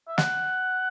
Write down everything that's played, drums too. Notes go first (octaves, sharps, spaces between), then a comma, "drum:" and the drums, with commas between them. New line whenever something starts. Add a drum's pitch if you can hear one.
E5
F#5, drum: snare